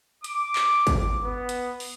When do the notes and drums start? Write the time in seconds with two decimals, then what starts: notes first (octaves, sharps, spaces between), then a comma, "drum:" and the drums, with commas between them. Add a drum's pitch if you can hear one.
0.24 D6, drum: hi-hat
0.56 drum: clap
0.87 drum: kick, hi-hat
1.22 B3
1.49 drum: hi-hat
1.80 drum: open hi-hat